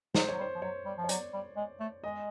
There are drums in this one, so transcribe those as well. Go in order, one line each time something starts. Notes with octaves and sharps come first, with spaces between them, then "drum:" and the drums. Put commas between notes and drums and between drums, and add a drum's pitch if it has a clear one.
F#3 C5, drum: snare
F#3 C#5
G3
C5
F3
F#3 C#5
G3
F3
C#5
F#3 D5, drum: hi-hat
G3
G#3
A3
G#3 D#5